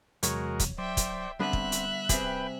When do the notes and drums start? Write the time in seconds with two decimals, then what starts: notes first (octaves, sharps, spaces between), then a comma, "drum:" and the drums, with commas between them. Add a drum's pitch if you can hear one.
0.23 E2 C3 F#3 G#3 F#4 A#4 C#5, drum: hi-hat
0.60 drum: kick, hi-hat
0.78 F#3 C5 D5 E5 G5
0.97 drum: kick, hi-hat
1.40 D3 G3 B3 C4 B4 E5 F#6
1.53 drum: kick
1.72 drum: hi-hat
2.09 C3 G#4 B4 G5, drum: kick, hi-hat